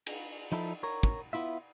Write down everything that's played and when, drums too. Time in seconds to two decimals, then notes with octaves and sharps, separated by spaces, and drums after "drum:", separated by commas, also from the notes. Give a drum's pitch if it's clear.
0.06 drum: cymbal
0.52 F3 D#4 E4 A4
0.83 A#4 C#5
1.03 drum: kick
1.33 B3 E4 F4 E5